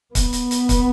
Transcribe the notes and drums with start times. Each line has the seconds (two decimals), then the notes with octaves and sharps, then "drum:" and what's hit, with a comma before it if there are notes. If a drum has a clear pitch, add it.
0.15 B3, drum: kick, hi-hat
0.33 drum: hi-hat
0.51 drum: hi-hat
0.69 drum: kick, hi-hat